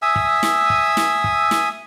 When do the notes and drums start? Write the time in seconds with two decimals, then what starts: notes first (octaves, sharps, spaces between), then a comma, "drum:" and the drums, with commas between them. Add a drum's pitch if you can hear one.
0.02 E5 G#5 D#6 E6
0.16 drum: kick
0.43 drum: snare
0.70 drum: kick
0.97 drum: snare
1.24 drum: kick
1.51 drum: snare